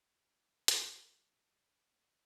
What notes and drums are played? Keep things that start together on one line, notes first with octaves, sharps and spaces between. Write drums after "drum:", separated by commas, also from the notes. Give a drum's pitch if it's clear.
C6
A4, drum: hi-hat